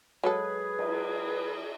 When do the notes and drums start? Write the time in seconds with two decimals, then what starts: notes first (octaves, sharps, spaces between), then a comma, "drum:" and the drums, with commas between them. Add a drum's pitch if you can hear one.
0.24 F#3 G#3 G#4 A4 B4
0.79 drum: cymbal